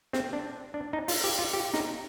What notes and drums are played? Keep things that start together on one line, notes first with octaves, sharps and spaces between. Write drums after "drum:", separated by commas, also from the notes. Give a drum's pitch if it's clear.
C4, drum: snare
D4
D4
D#4
F4, drum: open hi-hat
G4
F4
G4
D#4, drum: snare